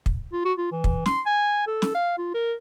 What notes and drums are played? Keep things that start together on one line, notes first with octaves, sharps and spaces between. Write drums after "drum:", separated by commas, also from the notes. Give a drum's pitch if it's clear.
drum: kick
F4
F#4
F4
E3
drum: kick
C6, drum: snare
G#5
A4
drum: snare
F5
F4
A#4